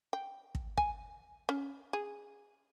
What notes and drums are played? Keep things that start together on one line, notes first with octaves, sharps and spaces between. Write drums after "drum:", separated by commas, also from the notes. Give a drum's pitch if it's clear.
G5
drum: kick
G#5, drum: kick
C#4
G#4